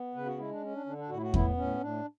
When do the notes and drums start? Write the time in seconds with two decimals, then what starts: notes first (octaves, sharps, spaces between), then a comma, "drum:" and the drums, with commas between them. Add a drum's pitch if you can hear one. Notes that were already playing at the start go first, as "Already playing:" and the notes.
Already playing: B3
0.15 C#3 B4
0.26 F#4
0.38 G#3 E4
0.50 D4
0.62 C#4
0.73 D4
0.86 D3 D4
0.98 D4
1.09 A2 F#4
1.17 E4
1.22 F#4
1.34 B3 E4, drum: kick E2
1.57 A2 C#4
1.81 A2 D4